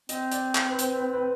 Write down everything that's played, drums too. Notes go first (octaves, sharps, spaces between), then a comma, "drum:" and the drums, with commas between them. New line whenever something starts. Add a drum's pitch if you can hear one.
C4 D#5, drum: hi-hat
D5, drum: hi-hat
drum: clap
B4
C5, drum: hi-hat
B4
B4